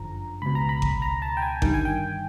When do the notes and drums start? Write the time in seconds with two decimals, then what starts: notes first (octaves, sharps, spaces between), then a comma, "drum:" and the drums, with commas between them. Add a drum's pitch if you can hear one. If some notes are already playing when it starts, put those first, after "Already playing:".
Already playing: G1 F#2 D3 F3 A#5
0.42 C#2 B2 B5
0.55 A#5
0.69 B5
0.82 drum: kick G#1
1.02 A#5
1.22 A5
1.37 G5
1.42 G#5
1.62 G1 G2 D#3 G5, drum: kick G#1
1.74 G#5
1.85 G5